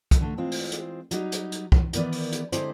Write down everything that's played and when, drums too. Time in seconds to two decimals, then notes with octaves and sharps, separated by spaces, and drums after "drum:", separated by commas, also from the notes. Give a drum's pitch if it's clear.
0.11 drum: kick, hi-hat
0.21 D3 A3
0.37 E3 G#3 C4 F4
0.51 drum: open hi-hat
0.72 drum: hi-hat
1.11 F#3 G3 D#4, drum: hi-hat
1.32 drum: hi-hat
1.52 drum: hi-hat
1.72 drum: kick
1.93 D#3 E3 B3 A#4 D5, drum: hi-hat
2.12 drum: open hi-hat
2.32 drum: hi-hat
2.52 D3 G#3 C4 E4 G4 C5, drum: hi-hat